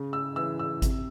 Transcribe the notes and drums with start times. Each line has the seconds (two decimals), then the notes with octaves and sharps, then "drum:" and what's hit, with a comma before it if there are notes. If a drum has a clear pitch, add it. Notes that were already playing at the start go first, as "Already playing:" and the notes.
Already playing: C#3
0.13 E6
0.36 E3 E6
0.59 E6
0.82 C3, drum: kick G#1, hi-hat